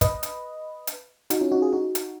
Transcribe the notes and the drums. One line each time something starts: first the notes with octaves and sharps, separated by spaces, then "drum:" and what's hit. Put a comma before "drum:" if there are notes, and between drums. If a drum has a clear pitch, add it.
B4 D#5, drum: kick, hi-hat
drum: hi-hat
drum: hi-hat
D#4 F#4, drum: hi-hat
C#4 F4
D#4 F#4
F4 G#4
D#4 F#4
drum: hi-hat